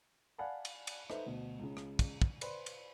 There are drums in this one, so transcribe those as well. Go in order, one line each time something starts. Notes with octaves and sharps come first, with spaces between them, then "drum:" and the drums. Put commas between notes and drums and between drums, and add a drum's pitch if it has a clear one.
D5 F5 F#5 G#5 A5 B5
drum: cymbal
drum: cymbal
D#4 A4 B4 C5 D#5 E5, drum: rim click
D2 B2
C#2 C#3
drum: rim click
drum: kick, cymbal
drum: kick
B4 C5 D5 B5 C6, drum: cymbal
drum: cymbal